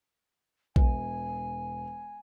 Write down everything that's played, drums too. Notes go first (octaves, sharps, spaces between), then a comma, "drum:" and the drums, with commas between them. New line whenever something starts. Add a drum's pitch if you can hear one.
E1 G#5, drum: kick A#1